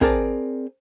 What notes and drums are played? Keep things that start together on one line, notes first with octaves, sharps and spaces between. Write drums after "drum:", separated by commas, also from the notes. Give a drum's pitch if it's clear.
C4 G#4 A#4 D5 A5, drum: kick